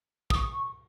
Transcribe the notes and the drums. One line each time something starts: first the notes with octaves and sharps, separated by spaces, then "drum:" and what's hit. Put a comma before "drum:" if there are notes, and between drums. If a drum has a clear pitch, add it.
D#6, drum: kick
C#6